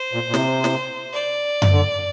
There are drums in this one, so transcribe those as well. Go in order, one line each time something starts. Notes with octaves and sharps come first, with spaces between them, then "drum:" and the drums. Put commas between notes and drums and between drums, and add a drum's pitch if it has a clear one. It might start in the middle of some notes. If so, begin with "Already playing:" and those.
Already playing: C5
A#2
A#2
C3, drum: snare
drum: snare
D5
drum: tom F#2
D3